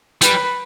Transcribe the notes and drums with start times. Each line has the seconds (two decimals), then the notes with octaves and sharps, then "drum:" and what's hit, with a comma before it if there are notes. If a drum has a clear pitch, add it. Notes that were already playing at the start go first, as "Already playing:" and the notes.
0.22 G3 B4, drum: hi-hat